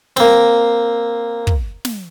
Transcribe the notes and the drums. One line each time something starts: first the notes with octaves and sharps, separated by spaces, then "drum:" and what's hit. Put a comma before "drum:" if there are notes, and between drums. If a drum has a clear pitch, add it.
A#3 C4, drum: snare
drum: kick
drum: snare